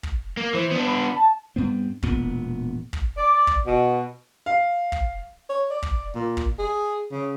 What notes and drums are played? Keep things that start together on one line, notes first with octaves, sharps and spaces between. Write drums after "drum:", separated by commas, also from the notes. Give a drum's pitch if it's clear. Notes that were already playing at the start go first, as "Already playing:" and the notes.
drum: kick
A#3
E3 C5
B3 D4
B5
A5
G2 B3 C4
E1 A#2 B3, drum: kick
drum: kick
D5
drum: kick
B2
F5
drum: kick
C#5
D5
drum: kick
A#2
drum: kick
G#4
C#3